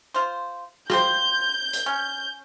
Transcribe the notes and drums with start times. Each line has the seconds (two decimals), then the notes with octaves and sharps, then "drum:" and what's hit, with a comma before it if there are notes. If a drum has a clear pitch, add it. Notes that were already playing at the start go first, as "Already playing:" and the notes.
0.14 F4 C5
0.90 F4 G4 C5 G6, drum: rim click
1.73 drum: hi-hat
1.86 C#4